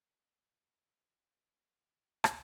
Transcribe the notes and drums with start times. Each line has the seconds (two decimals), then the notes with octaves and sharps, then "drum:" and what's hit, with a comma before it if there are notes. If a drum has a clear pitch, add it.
0.68 A#4
1.08 C#4 E4
2.24 drum: rim click